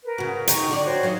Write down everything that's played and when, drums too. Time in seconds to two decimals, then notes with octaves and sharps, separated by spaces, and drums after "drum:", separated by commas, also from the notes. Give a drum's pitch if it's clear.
0.04 A#4 B4
0.18 C#3 F#4
0.47 D#3 D#4 G5 A#5 C#6, drum: hi-hat
0.69 D3 A4 D5
0.85 F#4 C5 C#5
1.03 F#3 D#4 F4